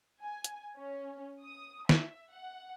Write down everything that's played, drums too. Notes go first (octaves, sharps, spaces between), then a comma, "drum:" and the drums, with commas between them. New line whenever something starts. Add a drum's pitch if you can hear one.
G#5
drum: hi-hat
C#4
D#6
E5, drum: snare
F#5